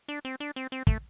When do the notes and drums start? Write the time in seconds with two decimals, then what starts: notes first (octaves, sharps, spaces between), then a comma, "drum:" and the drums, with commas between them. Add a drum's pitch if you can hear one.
0.08 D4
0.25 C4
0.40 D4
0.56 C4
0.72 C4
0.87 A3, drum: kick